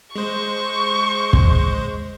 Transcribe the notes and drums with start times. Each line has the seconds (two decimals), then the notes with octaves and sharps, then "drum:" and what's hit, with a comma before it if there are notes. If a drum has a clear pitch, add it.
0.16 G#3 C5 C#6
1.33 drum: kick